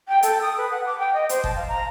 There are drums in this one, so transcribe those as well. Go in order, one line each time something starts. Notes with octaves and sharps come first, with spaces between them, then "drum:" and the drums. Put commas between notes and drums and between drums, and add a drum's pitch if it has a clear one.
G5
A4, drum: hi-hat
D#6
B4
F#5
D6
G5
D#5
C5, drum: hi-hat
A5, drum: kick G1
F5
A#5